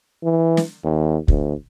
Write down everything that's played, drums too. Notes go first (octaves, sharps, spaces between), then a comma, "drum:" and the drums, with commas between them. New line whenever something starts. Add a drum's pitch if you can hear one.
E3
drum: snare
D#2
D2, drum: kick